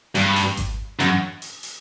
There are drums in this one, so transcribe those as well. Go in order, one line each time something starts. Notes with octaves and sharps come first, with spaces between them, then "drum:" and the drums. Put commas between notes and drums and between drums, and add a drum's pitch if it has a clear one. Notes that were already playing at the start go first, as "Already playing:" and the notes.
G2, drum: open hi-hat
drum: open hi-hat
drum: kick G#1, hi-hat
F#2, drum: hi-hat
drum: open hi-hat
drum: open hi-hat